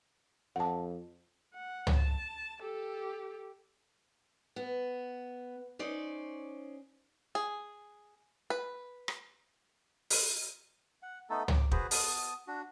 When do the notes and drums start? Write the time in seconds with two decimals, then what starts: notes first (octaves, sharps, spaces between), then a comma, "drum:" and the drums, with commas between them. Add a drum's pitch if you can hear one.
0.56 F2 F#5 A5
1.54 F#5
1.87 drum: tom C#2
1.97 A5
2.60 G4 A4
4.56 B3
5.79 C#4 D#4 C5 D5
7.35 G#4
8.50 B4
9.08 drum: rim click
10.10 drum: open hi-hat
11.03 F#5
11.30 A3 B3 D#4 A4
11.48 D6, drum: tom C#2
11.71 F#4 G#4 B4 C5, drum: kick
11.91 B3 A5 D#6, drum: open hi-hat
12.47 D4 F#4